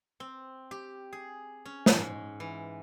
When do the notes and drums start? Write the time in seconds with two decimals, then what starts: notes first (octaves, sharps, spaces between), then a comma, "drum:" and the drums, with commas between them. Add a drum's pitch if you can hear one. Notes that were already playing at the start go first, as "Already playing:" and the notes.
0.20 C4
0.71 G4
1.13 G#4
1.66 C#4
1.86 drum: snare
1.96 G#2
2.40 E3